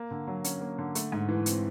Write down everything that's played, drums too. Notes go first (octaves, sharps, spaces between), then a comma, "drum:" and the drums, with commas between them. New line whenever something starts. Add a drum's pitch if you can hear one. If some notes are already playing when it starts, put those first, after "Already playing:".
Already playing: A#3
D3
F#3
C#4, drum: hi-hat
A#3
D3
A3, drum: hi-hat
G#2
E3
C4, drum: hi-hat